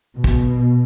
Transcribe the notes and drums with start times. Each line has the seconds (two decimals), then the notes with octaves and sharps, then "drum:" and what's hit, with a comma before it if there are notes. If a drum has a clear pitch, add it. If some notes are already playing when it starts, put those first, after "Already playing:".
0.14 B2
0.24 drum: kick